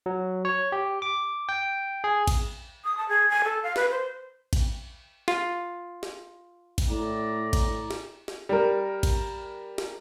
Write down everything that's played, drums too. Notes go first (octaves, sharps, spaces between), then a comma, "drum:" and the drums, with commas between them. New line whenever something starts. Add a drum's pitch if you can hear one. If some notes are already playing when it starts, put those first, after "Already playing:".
F#3
C#5
G4
D6
G5
G#4
drum: kick, cymbal
D#6
A5
G#4
G#5
A4
F5
B4, drum: snare
C5
drum: kick, cymbal
F4, drum: snare
drum: snare
drum: kick, cymbal
A2 D5 A#5
drum: kick, cymbal
drum: snare
drum: snare
G3 A#4
drum: kick, cymbal
drum: snare